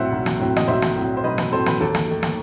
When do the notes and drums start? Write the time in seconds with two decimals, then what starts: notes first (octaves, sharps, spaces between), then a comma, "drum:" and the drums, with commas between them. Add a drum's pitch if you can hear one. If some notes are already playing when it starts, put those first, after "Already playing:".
Already playing: B1 A2 F#3 C4 C5 E5 F#5
0.12 B1
0.26 drum: snare
0.39 A2 F#3 C4
0.56 D#5, drum: snare
0.68 B1 C5 E5
0.82 drum: snare
0.96 A2 F#3 C4
1.17 C5
1.24 B1 B4 D#5
1.38 B4, drum: snare
1.52 A2 F#3 C4 A4 C5
1.66 B4, drum: snare
1.80 D#2 A4
1.95 drum: snare
2.08 D#3 A3
2.23 drum: snare